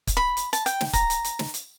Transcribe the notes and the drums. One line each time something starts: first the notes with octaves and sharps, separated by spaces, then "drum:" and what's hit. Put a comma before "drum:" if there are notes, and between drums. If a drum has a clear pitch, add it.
drum: kick, hi-hat
B5
drum: hi-hat
A5, drum: hi-hat
G5, drum: hi-hat
drum: snare
A#5, drum: kick, hi-hat
drum: hi-hat
drum: hi-hat
drum: snare
drum: hi-hat